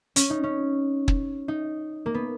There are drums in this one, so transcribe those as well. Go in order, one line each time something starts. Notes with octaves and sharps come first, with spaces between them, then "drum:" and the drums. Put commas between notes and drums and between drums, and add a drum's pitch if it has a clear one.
C#4, drum: hi-hat
D#4
C#4
drum: kick
D#4
A#3
B3